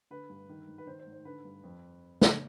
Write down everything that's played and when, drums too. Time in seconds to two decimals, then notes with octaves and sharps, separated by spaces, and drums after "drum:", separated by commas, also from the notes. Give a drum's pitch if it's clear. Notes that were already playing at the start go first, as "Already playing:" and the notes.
0.11 D3 B4
0.30 G2
0.49 D#3
0.68 G#2
0.78 B4
0.87 D#3 C5
0.99 C5
1.07 G#2
1.13 C5
1.25 D3 B4
1.45 G2
1.64 F2
2.22 drum: snare